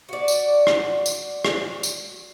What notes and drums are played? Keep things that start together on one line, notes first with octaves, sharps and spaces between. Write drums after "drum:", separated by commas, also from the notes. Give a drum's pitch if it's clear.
F#4 D5
drum: tambourine
drum: rim click
drum: tambourine
drum: rim click
drum: tambourine